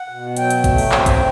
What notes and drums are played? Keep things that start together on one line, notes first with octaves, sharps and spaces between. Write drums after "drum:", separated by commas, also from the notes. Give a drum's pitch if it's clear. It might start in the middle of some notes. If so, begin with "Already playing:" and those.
Already playing: F#5
B2
F#3 G5, drum: hi-hat
drum: hi-hat
A3, drum: kick A1, hi-hat
drum: open hi-hat
C4, drum: clap
drum: kick A1, hi-hat